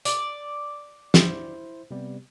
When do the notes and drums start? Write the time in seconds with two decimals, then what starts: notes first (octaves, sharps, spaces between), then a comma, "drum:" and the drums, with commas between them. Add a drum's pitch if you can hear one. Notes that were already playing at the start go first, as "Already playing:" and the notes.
0.05 D5, drum: hi-hat
1.14 E4 C5, drum: snare
1.91 C3 G3 B3